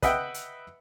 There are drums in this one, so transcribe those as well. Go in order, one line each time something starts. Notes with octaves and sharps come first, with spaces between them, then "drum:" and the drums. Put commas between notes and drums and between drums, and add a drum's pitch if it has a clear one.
B4 D#5 E5 F#5 G5, drum: kick, hi-hat
drum: hi-hat